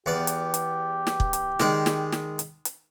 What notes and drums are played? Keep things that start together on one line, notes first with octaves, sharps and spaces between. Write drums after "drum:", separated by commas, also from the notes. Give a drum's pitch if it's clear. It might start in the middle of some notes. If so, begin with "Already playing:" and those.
E2 G4 D5
drum: hi-hat
drum: hi-hat
drum: snare
drum: kick
drum: hi-hat
D#3 G#3 D5, drum: snare
drum: snare
drum: snare
drum: hi-hat
drum: hi-hat